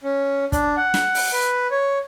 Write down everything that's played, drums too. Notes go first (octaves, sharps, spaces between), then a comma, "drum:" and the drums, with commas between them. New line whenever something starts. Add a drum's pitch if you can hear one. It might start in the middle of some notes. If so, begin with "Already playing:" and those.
C#4
D4, drum: kick, hi-hat
F#5
drum: snare
drum: open hi-hat
B4
C#5